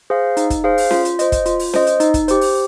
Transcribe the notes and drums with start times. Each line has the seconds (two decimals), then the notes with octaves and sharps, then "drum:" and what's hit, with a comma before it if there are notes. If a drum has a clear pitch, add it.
0.10 G#4 C5 F5
0.37 D#4, drum: hi-hat
0.50 drum: kick, hi-hat
0.64 G#4 C5 F5
0.78 drum: open hi-hat
0.91 F4, drum: snare C#4
1.05 drum: hi-hat
1.19 C5 D#5, drum: hi-hat
1.32 drum: kick, hi-hat
1.46 F4, drum: hi-hat
1.59 drum: open hi-hat
1.74 C5 D#5, drum: snare C#4
1.87 drum: hi-hat
2.00 D#4, drum: hi-hat
2.14 drum: kick, hi-hat
2.28 G4 C5, drum: hi-hat
2.41 drum: open hi-hat